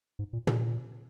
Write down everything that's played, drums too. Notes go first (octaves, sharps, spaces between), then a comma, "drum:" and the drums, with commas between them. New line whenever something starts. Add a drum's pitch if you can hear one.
G#2
A#2
A#2, drum: tom